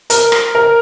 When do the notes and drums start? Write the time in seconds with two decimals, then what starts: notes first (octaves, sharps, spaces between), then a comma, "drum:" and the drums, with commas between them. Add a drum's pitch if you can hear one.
0.10 A#4, drum: hi-hat
0.32 drum: rim click
0.55 A#4